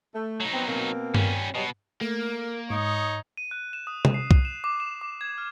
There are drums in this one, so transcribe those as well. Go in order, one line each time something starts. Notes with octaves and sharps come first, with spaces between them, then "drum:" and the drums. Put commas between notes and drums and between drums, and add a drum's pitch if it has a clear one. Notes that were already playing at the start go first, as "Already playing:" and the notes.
A3
F#3 D#4
B3 C4
B2 A#3 C4
G3 C#4, drum: tom G2
B2 F#3 G3 D#5
A3 A#3 A#4
G#2 D#4 C#5 D#6
D#7
F#6
E7
D#6
drum: tom C3
C7
D#6, drum: kick C2
E7
D6
E7
D6
G#6
F6